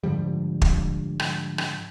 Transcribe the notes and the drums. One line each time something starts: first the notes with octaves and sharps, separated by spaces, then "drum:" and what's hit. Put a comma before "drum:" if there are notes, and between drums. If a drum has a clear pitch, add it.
G#2 D3 F3 G3
drum: kick
drum: rim click
drum: rim click